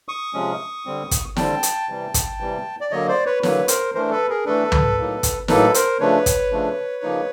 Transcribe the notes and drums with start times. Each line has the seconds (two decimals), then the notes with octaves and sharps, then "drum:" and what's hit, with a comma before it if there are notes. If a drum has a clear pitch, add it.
0.08 C#6 D#6
0.34 C3 F3 G#3 C#4
0.86 D3 G3 C4
1.11 drum: kick, hi-hat
1.36 D3 G3 C4 G5 A5, drum: snare
1.63 drum: hi-hat
1.89 C3 E3 G3
2.14 drum: kick, hi-hat
2.40 C3 E3 G3
2.81 D5
2.91 D3 F#3 A#3 C#5 D#5
3.08 C5 D5
3.26 B4 C#5
3.43 D3 F#3 A#3 B4 C#5, drum: snare
3.68 A#4 C5, drum: hi-hat
3.94 E3 A3 D4 A#4 C5
4.11 A4 B4
4.29 G#4 A#4
4.45 E3 A3 D4 A4 B4
4.72 drum: tom
4.98 A2 F#3 A#3 D#4
5.23 drum: kick, hi-hat
5.48 A2 F#3 A#3 D#4 A4 B4, drum: snare
5.74 A#4 C5, drum: hi-hat
6.00 C#3 F3 A3 D4 B4 C#5
6.26 drum: kick, hi-hat
6.52 C#3 F3 A3 D4
7.03 C#3 F3 A#3 D#4